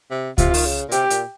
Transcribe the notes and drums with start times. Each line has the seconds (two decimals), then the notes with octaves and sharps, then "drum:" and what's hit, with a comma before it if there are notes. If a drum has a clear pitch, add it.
0.11 C3
0.38 C3 F4, drum: kick C#2, hi-hat
0.54 D#3, drum: open hi-hat
0.66 C#3
0.89 A#2
0.92 C3 G4, drum: hi-hat
1.10 A#2, drum: hi-hat